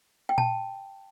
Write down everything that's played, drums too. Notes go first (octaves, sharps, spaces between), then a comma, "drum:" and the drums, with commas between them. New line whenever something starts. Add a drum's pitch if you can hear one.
G5
A5, drum: tom A#2